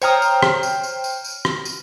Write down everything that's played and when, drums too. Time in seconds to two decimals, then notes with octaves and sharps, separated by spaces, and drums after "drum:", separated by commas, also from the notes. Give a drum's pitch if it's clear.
0.02 C5 C#5 G5 A#5 D#6 F6, drum: tambourine
0.22 drum: tambourine
0.43 drum: rim click
0.63 drum: tambourine
0.83 drum: tambourine
1.04 drum: tambourine
1.24 drum: tambourine
1.45 drum: rim click
1.65 drum: tambourine